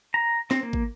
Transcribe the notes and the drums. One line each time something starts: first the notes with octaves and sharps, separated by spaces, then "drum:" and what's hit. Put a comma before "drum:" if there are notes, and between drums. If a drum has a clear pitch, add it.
A#5
C4, drum: snare
A#3
drum: kick